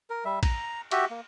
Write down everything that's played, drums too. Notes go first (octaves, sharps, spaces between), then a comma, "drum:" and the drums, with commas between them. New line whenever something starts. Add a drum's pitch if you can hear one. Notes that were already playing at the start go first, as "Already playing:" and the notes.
A#4
G3 E5
A#5, drum: kick A#1, cymbal
F#4 G4 E5, drum: cymbal
A#3